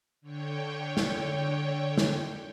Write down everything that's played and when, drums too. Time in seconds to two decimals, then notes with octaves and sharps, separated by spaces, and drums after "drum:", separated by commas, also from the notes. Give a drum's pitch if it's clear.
0.21 D3 C#5 G5
0.97 drum: snare
1.98 drum: snare